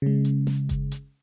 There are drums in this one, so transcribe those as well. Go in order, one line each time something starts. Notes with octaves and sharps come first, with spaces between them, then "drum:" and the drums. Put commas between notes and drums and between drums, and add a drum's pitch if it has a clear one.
C#3 G#3
drum: hi-hat
drum: snare
drum: kick F#1, hi-hat
drum: hi-hat